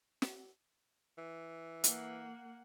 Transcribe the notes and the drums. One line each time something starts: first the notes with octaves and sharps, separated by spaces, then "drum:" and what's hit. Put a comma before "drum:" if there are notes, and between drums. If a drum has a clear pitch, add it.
drum: snare
E3
A#3 F#5, drum: hi-hat